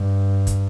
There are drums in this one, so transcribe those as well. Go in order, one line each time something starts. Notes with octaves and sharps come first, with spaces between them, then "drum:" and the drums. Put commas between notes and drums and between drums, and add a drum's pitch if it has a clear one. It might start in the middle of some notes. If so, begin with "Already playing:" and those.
Already playing: G2
drum: kick, hi-hat